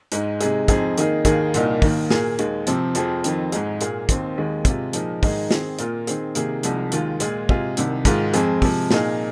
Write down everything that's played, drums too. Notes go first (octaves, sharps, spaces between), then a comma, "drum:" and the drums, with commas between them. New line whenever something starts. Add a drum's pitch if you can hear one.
G#2 G#3 D#4, drum: hi-hat
C3 G#3 D#4 G#4, drum: hi-hat
F2 F3 C4 D#4 G#4, drum: kick, hi-hat
D#3 A#3 D#4 G#4, drum: hi-hat
D#2 D#3 A#3 G#4, drum: kick, hi-hat
C2 A#2 A#3 D#4, drum: hi-hat
D#2 D#3 A#3, drum: kick, open hi-hat
A#2 A#3 G#4, drum: snare
D#2 D#3 G#3, drum: hi-hat
C3 F3 C4, drum: hi-hat
F2 F3 C4 G#4, drum: hi-hat
F2 D#3 C4, drum: hi-hat
G#2 G#3 D#4 G#4, drum: hi-hat
A#2 A#3 G#4, drum: hi-hat
D#2 D#3 C4, drum: kick, hi-hat
D#2 D#3 G#3
C3 G#3 F4, drum: kick, hi-hat
A#2 F3 G#3 D#4, drum: hi-hat
G#2 D#3 G#3 D#4 G#4, drum: kick, open hi-hat
D#3 C4 G#4, drum: snare
A#2 A#3 F4, drum: hi-hat
D#3 C4 G#4, drum: hi-hat
C3 D#3 A#3 G#4, drum: hi-hat
C2 C3 F3 G#3 D#4, drum: hi-hat
D#2 D#3 G#3 F4, drum: hi-hat
A#2 G#3 F4 G#4, drum: hi-hat
C3 G#3 F4 G#4, drum: kick
C2 C3 D#3, drum: hi-hat
G#2 D#3 G#3 F4, drum: kick, hi-hat
F2 F3 G#3 C4 G#4, drum: hi-hat
C3 F3 G#3, drum: kick, open hi-hat
A#2 A#3 D#4 G#4, drum: snare